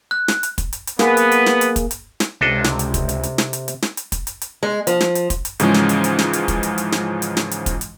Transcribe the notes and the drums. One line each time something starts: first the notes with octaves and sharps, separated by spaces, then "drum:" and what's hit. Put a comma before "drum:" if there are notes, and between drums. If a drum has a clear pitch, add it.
F#6
drum: snare
drum: hi-hat
drum: kick, hi-hat
drum: hi-hat
drum: hi-hat
A#3 B3 G#4 B4, drum: snare
drum: hi-hat
drum: hi-hat
drum: snare
drum: hi-hat
drum: kick, hi-hat
drum: hi-hat
drum: snare
C#2 C3 D4 A4 D#5
drum: snare
drum: hi-hat
drum: kick, hi-hat
drum: hi-hat
drum: hi-hat
drum: snare
drum: hi-hat
drum: hi-hat
drum: snare
drum: hi-hat
drum: kick, hi-hat
drum: hi-hat
drum: hi-hat
G#3
F3, drum: hi-hat
drum: snare
drum: hi-hat
drum: kick, hi-hat
drum: hi-hat
G#2 C#3 E3 F3 G#3 C#4, drum: hi-hat
drum: snare
drum: hi-hat
drum: hi-hat
drum: snare
drum: hi-hat
drum: kick, hi-hat
drum: hi-hat
drum: hi-hat
drum: snare
drum: hi-hat
drum: snare
drum: hi-hat
drum: kick, hi-hat
drum: hi-hat